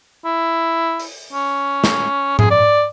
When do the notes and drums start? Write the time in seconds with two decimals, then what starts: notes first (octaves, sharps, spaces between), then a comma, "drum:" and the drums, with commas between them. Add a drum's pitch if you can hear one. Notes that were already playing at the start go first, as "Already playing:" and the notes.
0.25 E4
1.00 drum: open hi-hat
1.33 C#4
1.84 drum: snare
2.39 G#4, drum: tom G#2
2.50 D5